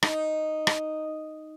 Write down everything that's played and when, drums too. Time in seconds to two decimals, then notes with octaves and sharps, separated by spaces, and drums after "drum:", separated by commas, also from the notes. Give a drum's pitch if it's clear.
0.03 D#4, drum: rim click
0.67 drum: rim click